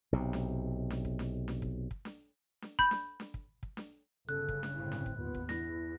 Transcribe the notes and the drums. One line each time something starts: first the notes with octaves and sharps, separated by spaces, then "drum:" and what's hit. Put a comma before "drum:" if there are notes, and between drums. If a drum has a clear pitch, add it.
B1 C3
drum: snare D4
drum: snare D4
drum: kick
drum: snare D4
drum: snare D4
drum: kick
drum: kick
drum: snare D4
drum: snare D4
B5 G6, drum: kick
drum: snare D4
drum: snare D4
drum: kick
drum: kick
drum: snare D4
G1 C#3 A4 F#6
drum: kick
drum: snare D4
G1 A2 C4 E4
drum: snare D4
drum: kick
D#2 B3 F4
drum: kick
E2 E4 A#6, drum: snare D4